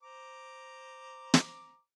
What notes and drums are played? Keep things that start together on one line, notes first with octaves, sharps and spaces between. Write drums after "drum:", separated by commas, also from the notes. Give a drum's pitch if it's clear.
C5 A#5 D6
drum: snare